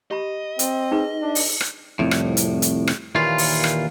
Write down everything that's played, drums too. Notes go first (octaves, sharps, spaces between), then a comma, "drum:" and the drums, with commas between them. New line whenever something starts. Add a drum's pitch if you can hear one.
G4 D#5 B5
C4, drum: hi-hat
D#4 G#4 B4
D4
drum: open hi-hat
drum: rim click
C2 F2 A2
drum: rim click
drum: hi-hat
drum: hi-hat
drum: rim click
D#2 A#2 E3 F4
drum: open hi-hat
drum: rim click